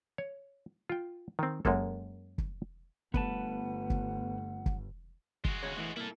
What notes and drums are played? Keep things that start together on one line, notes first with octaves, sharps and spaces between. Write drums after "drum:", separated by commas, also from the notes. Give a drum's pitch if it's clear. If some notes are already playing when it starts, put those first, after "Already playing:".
C#5
F4 G5
D#3 C4
F#2 G#3 A#3 A4, drum: kick
drum: kick
G1 A3 B3 B4 F#5 A5, drum: kick
drum: kick
drum: kick
G#3 F#4, drum: kick
D2 G#4 C#5
A2 E3 E4
C2 A#3 E4 A4